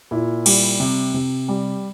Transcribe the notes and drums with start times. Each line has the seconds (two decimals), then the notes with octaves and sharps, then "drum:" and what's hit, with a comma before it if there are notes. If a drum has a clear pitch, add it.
0.11 A#2 E4
0.46 G3, drum: cymbal
0.80 C3
1.14 C3
1.48 G3